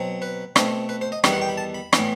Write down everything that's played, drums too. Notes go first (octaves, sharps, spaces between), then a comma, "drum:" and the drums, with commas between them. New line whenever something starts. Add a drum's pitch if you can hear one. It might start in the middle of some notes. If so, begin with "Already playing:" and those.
Already playing: B2 F#3 C4
B4
B2 A3 C4, drum: rim click
B4
C5
D#5
E2 D#3 G3 B3 E5, drum: rim click
F#5
G5
B5
A5
B5
A2 E3 B3, drum: rim click